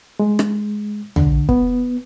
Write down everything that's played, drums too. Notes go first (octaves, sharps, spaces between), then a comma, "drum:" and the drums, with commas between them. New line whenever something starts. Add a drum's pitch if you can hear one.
G#3
drum: rim click
D3, drum: tom
B3, drum: kick